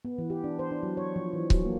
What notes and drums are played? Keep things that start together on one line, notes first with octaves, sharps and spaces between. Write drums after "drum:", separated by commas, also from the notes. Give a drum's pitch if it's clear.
B3
E3
G4
D4
C5
D4
F#3
C#5
F3
E3
F#3, drum: kick C#1
A#3